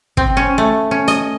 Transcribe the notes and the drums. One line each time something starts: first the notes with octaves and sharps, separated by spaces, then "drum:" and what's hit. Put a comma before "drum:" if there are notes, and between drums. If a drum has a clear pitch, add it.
C4, drum: kick
C#4
A3
C#4
D#5, drum: hi-hat